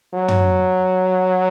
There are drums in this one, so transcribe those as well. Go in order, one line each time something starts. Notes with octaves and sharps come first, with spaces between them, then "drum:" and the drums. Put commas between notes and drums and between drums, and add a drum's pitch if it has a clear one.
F#3
drum: tom